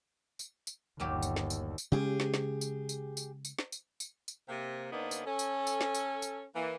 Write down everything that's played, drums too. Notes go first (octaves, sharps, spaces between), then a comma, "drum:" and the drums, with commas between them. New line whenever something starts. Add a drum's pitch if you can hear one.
drum: tambourine
drum: tambourine
G1 D#2 A#2 F#3 G4
drum: tambourine
drum: snare
drum: tambourine
drum: tambourine
C#3 G#3 C#4 G4 G#4
drum: snare
drum: snare
drum: tambourine
drum: tambourine
drum: tambourine
drum: tambourine
drum: snare
drum: tambourine
drum: tambourine
drum: tambourine
C3 A#3
C#3 A#3 B3 D4 D#4 C5
drum: tambourine
C#4 A4
drum: tambourine
drum: tambourine
drum: snare
drum: tambourine
drum: tambourine
E3 A#3